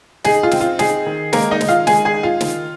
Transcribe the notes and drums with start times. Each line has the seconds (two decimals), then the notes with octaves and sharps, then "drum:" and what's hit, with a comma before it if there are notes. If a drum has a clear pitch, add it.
0.24 D#4 G#4, drum: snare
0.43 F4
0.51 C4, drum: snare
0.61 F4
0.79 D#4 G#4, drum: snare
1.06 D#3
1.33 G#3 A#3 A#4, drum: snare
1.51 D#4 D#5
1.61 D#3, drum: snare
1.68 F4 F5
1.87 G#3 G#4 G#5, drum: snare
2.05 G#4 G#5
2.14 D#4
2.23 F4 F5
2.41 D#3, drum: snare